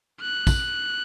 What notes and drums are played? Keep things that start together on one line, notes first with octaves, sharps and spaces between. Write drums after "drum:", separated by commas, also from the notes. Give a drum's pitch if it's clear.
F#6
drum: kick, tambourine